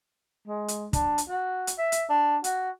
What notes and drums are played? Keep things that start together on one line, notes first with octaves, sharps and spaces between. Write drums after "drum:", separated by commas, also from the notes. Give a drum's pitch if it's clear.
G#3
drum: hi-hat
D4, drum: kick, hi-hat
drum: hi-hat
F#4
drum: hi-hat
E5
drum: hi-hat
D4
F#4, drum: hi-hat